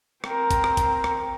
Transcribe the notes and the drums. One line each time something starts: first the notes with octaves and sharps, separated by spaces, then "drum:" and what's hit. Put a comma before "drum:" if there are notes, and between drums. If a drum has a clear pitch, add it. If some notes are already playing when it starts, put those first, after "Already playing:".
C4 A#4, drum: rim click
drum: kick, hi-hat
drum: rim click
drum: kick, hi-hat
drum: rim click